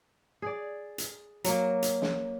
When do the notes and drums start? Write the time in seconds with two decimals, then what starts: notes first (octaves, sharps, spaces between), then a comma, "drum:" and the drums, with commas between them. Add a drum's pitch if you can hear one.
0.42 G#4 D5
0.98 drum: hi-hat
1.44 F#3 A#3, drum: hi-hat
1.82 drum: hi-hat
2.02 drum: snare